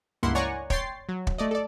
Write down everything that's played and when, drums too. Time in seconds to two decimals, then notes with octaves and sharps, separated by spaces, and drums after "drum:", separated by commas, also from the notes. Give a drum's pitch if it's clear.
0.23 C#2 G2 A#3 E4 F#5 C6
0.35 C#5 D5 F#5 G#5 A#5 C#6
0.70 C#5 G5 C6 A6 C7, drum: kick
1.09 F#3
1.27 drum: kick
1.38 A3 D5 D#5
1.51 A4 D5